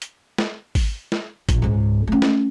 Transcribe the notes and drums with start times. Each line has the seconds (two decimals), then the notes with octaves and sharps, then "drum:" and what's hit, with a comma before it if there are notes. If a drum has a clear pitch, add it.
0.02 drum: hi-hat
0.38 drum: snare
0.75 drum: kick, open hi-hat
1.12 drum: snare
1.49 A#1, drum: kick, hi-hat
1.62 C#2 G#2
2.07 A3 C#4
2.22 drum: snare